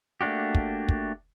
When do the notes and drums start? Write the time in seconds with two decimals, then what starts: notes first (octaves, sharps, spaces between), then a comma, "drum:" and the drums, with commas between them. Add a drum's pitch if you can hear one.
0.21 A3 A#3 D4 F#4 G4
0.55 drum: kick
0.89 drum: kick